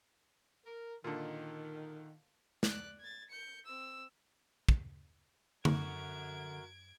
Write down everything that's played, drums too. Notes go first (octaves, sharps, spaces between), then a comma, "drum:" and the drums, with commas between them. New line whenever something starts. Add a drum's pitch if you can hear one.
A#4
A#2 D3 D#3
D5 F#6, drum: snare
G#6 A6
G6 C#7
C4 E6
drum: kick
F#2 D3 F#4 A#4 G#6 D7, drum: tom D3